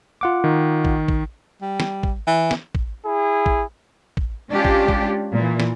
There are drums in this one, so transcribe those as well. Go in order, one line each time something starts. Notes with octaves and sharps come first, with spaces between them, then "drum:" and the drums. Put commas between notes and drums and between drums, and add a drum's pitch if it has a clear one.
F4 F#5 D6
D#3
drum: kick
drum: kick
G3
drum: snare
drum: kick
E3
drum: snare
drum: kick
E4 G#4
drum: kick
drum: kick
G#3 C#4 D4 F4 G4
drum: kick
drum: kick
A#2 E3
drum: snare